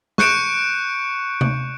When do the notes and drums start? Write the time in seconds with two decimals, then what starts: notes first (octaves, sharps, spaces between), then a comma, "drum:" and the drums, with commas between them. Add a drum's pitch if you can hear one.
0.18 C#6 F#6 G6 C#7 D7 E7, drum: snare
1.41 drum: tom C3